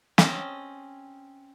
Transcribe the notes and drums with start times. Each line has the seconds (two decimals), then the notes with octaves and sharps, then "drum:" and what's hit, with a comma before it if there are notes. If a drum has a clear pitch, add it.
0.18 C4 C#4 D#5 A5, drum: snare